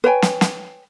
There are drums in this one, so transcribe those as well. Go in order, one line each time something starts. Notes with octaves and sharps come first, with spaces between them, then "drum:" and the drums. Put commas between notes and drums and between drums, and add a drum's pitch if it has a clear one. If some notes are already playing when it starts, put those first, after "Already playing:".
B4 C#5 G5 G#5
drum: snare
drum: snare